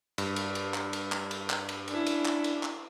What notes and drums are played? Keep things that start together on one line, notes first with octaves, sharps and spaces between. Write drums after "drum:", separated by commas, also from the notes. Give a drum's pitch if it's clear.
G2, drum: cymbal
drum: cymbal
drum: cymbal
drum: clap
drum: cymbal
drum: clap
drum: cymbal
drum: clap
drum: cymbal
C#4 D4 E4, drum: cymbal
drum: cymbal
drum: clap
drum: cymbal
drum: clap